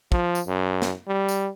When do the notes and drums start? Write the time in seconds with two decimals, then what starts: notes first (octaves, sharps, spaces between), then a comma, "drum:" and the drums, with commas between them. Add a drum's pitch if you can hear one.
0.12 F3, drum: kick
0.35 drum: tambourine
0.47 F#2
0.82 drum: snare
1.08 G3
1.29 drum: tambourine